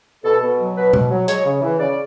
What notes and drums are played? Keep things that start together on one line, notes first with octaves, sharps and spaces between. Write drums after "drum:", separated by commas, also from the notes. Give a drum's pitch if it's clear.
B2 A4
B2
F#3
B2 B4
B2, drum: tom B2
F#3
G#3 C#5, drum: hi-hat
C#3
E3
C#3 D5